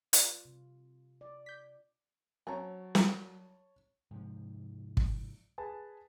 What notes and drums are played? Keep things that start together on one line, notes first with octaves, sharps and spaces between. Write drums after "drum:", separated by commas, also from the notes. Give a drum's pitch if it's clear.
F4 B4 D5, drum: hi-hat
C3
D5
G6 B6
F#3 C4 C#4 C#5 A5 A#5
drum: snare
G#2 C3 F3
drum: kick
G#4 B4 A5